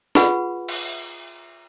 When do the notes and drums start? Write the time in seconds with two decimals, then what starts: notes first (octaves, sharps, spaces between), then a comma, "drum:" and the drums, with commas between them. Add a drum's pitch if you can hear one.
0.15 F4 G#4 B4 F#5 B5, drum: snare
0.68 drum: cymbal